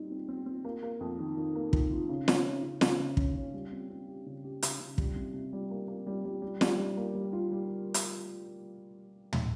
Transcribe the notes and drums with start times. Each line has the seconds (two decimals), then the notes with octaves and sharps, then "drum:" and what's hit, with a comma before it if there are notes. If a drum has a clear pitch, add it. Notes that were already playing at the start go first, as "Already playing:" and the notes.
Already playing: G3 C4 D#4
0.11 C4
0.29 C4
0.46 C4
0.65 A#3
0.83 A#3
1.01 F2
1.19 D#3
1.37 D#3
1.55 A#3
1.73 D#3, drum: kick
1.90 F4
2.09 C#3
2.28 C#4, drum: snare
2.45 C#4
2.63 C#3
2.81 C#3, drum: snare
3.00 C#3
3.17 C#4, drum: kick
3.35 C#4
3.53 G3
3.72 C4
3.90 C4
4.08 G4
4.26 C#3
4.44 G4
4.62 C#3, drum: hi-hat
4.79 C#3
4.98 G3, drum: kick
5.16 C3
5.34 C3
5.53 G3
5.71 A#3
5.88 A#3
6.07 G3
6.25 G3
6.42 G3
6.61 G3, drum: snare
6.78 G3
6.97 A#3
7.15 G3
7.33 F4
7.51 G3
7.94 drum: hi-hat
9.33 drum: tom